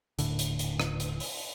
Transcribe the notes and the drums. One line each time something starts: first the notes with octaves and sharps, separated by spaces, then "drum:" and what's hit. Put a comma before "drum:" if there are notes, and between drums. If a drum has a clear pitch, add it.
D#1 G#1 A2 D3, drum: hi-hat
drum: hi-hat
drum: hi-hat
drum: rim click
drum: hi-hat
drum: open hi-hat